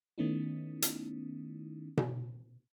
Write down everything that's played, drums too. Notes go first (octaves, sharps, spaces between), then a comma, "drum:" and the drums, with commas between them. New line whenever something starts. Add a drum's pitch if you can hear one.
D#3 A3 B3 C#4 D#4 E4
drum: hi-hat
drum: tom B2